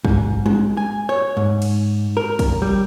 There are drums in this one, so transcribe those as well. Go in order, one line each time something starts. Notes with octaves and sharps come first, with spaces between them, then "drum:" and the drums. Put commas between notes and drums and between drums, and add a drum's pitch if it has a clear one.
G#2, drum: kick
G#3, drum: tom
G#5
C#5
G#2
drum: cymbal
A#4
drum: kick, cymbal
G3